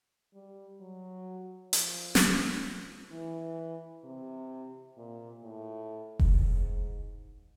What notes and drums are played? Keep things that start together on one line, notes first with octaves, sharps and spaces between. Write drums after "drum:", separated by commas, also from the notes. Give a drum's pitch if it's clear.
G3
F#3
F3, drum: hi-hat
drum: snare
E3
C3
A#2
A2
drum: kick F1
G#2